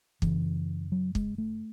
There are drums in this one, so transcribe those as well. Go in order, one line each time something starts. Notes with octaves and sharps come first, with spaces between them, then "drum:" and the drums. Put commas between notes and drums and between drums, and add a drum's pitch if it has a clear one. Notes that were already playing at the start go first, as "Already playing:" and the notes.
F#2 C#3 E3, drum: kick
F#3
G#3, drum: kick
A3